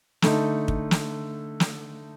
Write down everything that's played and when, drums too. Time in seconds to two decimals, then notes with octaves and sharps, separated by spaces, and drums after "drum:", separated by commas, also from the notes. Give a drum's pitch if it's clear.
0.22 D3 A3 D#4, drum: snare
0.68 drum: kick
0.91 drum: snare
1.60 drum: snare